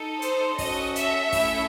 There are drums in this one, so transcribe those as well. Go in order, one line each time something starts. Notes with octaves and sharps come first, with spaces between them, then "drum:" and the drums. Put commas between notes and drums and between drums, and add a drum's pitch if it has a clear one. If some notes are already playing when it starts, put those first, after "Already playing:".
Already playing: D#4 A4
C5, drum: hi-hat
C#4 F#4 A4 D#5, drum: kick, open hi-hat
E5, drum: hi-hat
A3 C#4 E4 A4, drum: kick, open hi-hat